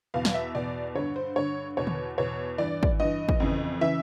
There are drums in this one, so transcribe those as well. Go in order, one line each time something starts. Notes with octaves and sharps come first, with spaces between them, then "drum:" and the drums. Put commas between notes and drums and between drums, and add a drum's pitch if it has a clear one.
E2 B2 F5
drum: snare
E5
E2 B2 D5
G2 D3 C#5
C5
G2 D3 C#5
E2 B2 C#5
drum: tom D3
E2 B2 C#5
G2 E3 D5
drum: kick
G2 E3 D#5
drum: kick
F2 C#3 E3
C#3 E3 E5